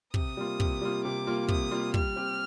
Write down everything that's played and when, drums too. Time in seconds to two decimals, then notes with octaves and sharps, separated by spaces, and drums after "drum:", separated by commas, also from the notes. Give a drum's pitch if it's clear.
0.14 C3 D#6, drum: kick
0.37 G3 A#3 F4
0.60 C3, drum: kick
0.82 G3 A#3 F4
1.04 C3 D6
1.27 G3 A#3 F4
1.49 C3 D#6, drum: kick
1.71 G3 A#3 F4
1.94 G3 F6, drum: kick
2.16 C4 G4